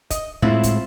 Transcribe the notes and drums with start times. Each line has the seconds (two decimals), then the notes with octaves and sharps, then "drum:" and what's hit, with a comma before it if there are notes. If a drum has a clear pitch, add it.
0.10 D#5, drum: kick, hi-hat
0.42 A2 G#3 C4 E4 F4
0.63 drum: kick, hi-hat